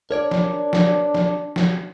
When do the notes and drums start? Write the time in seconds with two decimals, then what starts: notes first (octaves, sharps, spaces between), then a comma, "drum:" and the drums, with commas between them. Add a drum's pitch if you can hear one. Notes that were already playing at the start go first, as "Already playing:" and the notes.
0.11 D4 A#4 C#5 D5
0.31 drum: snare
0.73 drum: snare
1.14 drum: snare
1.56 drum: snare